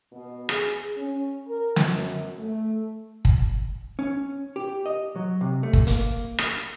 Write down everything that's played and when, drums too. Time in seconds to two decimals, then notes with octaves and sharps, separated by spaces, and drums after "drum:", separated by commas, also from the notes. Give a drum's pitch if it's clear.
0.12 B2
0.49 G#4, drum: rim click
0.97 C#4
1.46 A#4
1.76 drum: snare
1.86 F#2
2.38 A3
3.25 drum: kick
3.99 C#4
4.56 G4
4.86 D#5
5.16 F#3
5.41 C3
5.63 A3
5.73 drum: kick
5.87 A#3, drum: hi-hat
6.39 drum: rim click